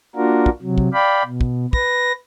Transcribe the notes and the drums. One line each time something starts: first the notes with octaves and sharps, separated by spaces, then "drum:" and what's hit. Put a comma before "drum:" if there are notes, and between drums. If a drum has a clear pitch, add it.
A#3 D4 F4 F#4 A#4
drum: kick
C3 F#3
drum: kick
D5 F5 G5 B5
B2
drum: kick
B4 A#6, drum: kick